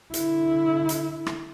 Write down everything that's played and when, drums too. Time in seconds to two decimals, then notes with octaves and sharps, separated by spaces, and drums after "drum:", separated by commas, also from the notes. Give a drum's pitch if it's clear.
0.14 D3 E4, drum: hi-hat
0.89 drum: hi-hat
1.26 drum: rim click